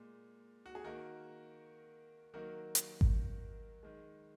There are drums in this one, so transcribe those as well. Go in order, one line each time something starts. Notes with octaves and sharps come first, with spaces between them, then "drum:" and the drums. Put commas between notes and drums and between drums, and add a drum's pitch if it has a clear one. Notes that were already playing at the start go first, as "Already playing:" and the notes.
Already playing: A#2 G#3
F#4
G#4
D#3 A#3 F#4 A#4
D#3 F#3 A#3 F#4 A#4
drum: hi-hat
drum: kick G#1
D#3 G#3